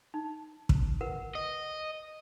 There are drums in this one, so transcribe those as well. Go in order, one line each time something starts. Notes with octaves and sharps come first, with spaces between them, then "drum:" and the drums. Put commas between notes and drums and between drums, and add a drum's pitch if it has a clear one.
D#4
drum: kick
A#4 B4 F#5
D#5